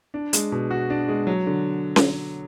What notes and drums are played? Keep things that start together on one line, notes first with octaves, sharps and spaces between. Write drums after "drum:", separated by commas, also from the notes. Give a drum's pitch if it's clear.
D4
G#3, drum: hi-hat
B2
F#4
D4
G#3
F#3
D3
drum: snare C#4